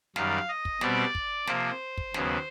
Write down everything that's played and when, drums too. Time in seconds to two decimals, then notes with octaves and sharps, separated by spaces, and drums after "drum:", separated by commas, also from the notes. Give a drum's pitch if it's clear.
0.16 F#2 D#3 G3 F5, drum: snare
0.48 D#5
0.65 drum: kick
0.81 B2 G3 C4 D5, drum: snare
1.15 drum: kick
1.47 C3 F3 A#3 C5, drum: snare
1.98 drum: kick
2.14 D#2 C#3 F#3 B3, drum: snare